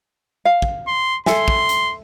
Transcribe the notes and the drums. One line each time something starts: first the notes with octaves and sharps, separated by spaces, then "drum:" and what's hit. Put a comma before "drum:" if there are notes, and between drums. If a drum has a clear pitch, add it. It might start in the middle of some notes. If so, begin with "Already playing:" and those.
F5
drum: kick
C6
A4 E5 G#5 C6, drum: snare
drum: kick
drum: hi-hat